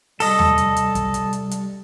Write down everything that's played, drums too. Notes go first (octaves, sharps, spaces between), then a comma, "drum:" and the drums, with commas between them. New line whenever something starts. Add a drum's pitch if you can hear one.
C3 G3 A4 D#5, drum: open hi-hat
drum: tom D#2
drum: hi-hat
drum: hi-hat
drum: kick, hi-hat
drum: hi-hat
drum: hi-hat
drum: hi-hat